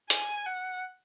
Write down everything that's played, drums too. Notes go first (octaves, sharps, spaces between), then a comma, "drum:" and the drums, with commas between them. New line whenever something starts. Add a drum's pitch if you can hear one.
G#5, drum: hi-hat
F#5